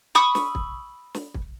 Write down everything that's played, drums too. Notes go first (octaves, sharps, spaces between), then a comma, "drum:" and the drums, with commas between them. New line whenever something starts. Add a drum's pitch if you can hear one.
B5 C#6 D#6 E6
drum: snare
drum: kick
drum: snare
drum: kick